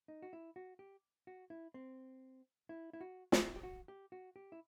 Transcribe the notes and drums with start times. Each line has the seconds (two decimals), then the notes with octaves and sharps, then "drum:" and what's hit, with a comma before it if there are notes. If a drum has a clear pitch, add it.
0.08 D#4
0.22 F#4
0.33 E4
0.56 F#4
0.79 G4
1.27 F#4
1.50 E4
1.74 C4
2.69 E4
2.93 E4
3.01 F#4
3.32 E4, drum: snare
3.56 G4
3.63 F#4
3.88 G4
4.12 F#4
4.36 G4
4.52 E4